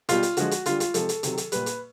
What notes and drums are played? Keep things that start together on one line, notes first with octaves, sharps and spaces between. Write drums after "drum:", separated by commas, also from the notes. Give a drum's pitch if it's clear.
B2 G3 F4, drum: hi-hat
drum: hi-hat
D3 F3 G#3 F#4, drum: hi-hat
drum: hi-hat
D3 G3 F4, drum: hi-hat
F4, drum: hi-hat
C3 F3 G#3 A4, drum: hi-hat
drum: hi-hat
C3 D#3 F#3, drum: hi-hat
drum: hi-hat
A#2 G3 B4, drum: hi-hat
drum: hi-hat